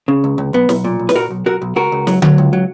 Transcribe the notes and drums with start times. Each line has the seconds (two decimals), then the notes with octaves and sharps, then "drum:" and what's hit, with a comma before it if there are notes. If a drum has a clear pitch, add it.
0.08 C#3
0.24 C#2
0.38 C#2
0.53 B1 B3
0.69 B1, drum: snare
0.84 A#2
0.99 B1
1.09 B4, drum: snare
1.15 A#2 F#4 A#4
1.30 B1
1.46 B1 F#4 A#4
1.62 B1
1.76 C#2 F#4 A#4
1.92 C#2
2.07 F#3, drum: snare
2.22 F#3, drum: tom D3
2.38 C#2
2.53 F#3